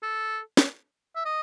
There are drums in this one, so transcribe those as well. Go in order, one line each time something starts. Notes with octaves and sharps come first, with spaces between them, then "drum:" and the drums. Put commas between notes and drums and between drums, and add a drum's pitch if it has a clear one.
A4
drum: snare
E5
D#5